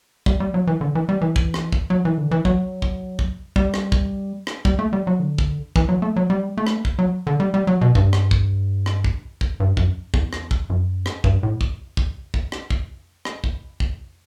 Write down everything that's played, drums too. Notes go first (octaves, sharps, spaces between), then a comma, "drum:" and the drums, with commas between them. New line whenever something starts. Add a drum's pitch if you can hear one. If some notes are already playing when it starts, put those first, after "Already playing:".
G3, drum: kick
G3
F#3
E3
D3
E3
G3
E3
drum: kick
drum: rim click
drum: kick
F#3
E3
D3
E3
F#3, drum: kick
drum: kick
drum: kick
G3, drum: kick
drum: rim click
drum: kick
drum: rim click
G3, drum: kick
A3
G3
F#3
D3
drum: kick
E3, drum: kick
F#3
A3
F#3
G3
A3
drum: rim click
drum: kick
F#3
D3
G3
G3
F#3
B2
G2, drum: kick
drum: rim click
drum: kick
drum: rim click
drum: kick
drum: kick
G2
F#2, drum: kick
E2, drum: kick
drum: rim click
drum: kick
F#2
drum: rim click
G2, drum: kick
A2
drum: kick
drum: kick
drum: kick
drum: rim click
drum: kick
drum: rim click
drum: kick
drum: kick